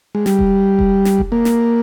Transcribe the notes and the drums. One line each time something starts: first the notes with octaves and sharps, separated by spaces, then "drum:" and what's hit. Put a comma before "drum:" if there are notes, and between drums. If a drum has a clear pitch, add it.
G#3
G3, drum: snare
drum: kick E1
drum: kick E1
drum: snare
drum: kick E1
A#3
drum: snare